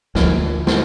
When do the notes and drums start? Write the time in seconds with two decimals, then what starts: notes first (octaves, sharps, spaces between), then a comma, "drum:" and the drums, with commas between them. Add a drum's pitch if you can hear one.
0.15 D2 F3, drum: snare
0.67 drum: snare